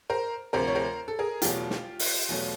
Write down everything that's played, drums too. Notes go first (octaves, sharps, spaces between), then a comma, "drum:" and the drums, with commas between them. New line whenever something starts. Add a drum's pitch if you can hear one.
A#4 C5
D2 C3 F3 A#4 C5
C#5
A#4 C5
A4
G#4 A#4
E2 B2 F#3 A3 F4 G4, drum: hi-hat
drum: snare
drum: open hi-hat
E2 B2 F#3 A3